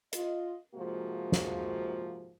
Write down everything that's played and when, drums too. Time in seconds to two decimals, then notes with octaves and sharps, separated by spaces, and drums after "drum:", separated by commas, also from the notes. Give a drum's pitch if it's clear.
0.13 F4 D#5, drum: hi-hat
0.75 G#2 C3 F3 G#3 A#3 F#4
1.32 drum: snare